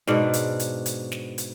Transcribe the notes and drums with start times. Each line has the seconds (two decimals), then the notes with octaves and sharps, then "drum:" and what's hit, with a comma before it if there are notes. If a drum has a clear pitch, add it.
0.07 G#2 B2 D4 D5, drum: snare
0.33 drum: hi-hat
0.60 drum: hi-hat
0.86 drum: hi-hat
1.12 drum: snare
1.38 drum: hi-hat